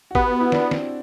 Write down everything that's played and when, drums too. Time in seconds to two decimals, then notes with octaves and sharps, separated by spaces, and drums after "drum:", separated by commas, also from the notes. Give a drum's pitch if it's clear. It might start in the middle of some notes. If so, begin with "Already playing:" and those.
0.11 F#4
0.15 B3 G4, drum: kick
0.27 F#4
0.40 E4
0.52 D4, drum: snare
0.71 C4, drum: snare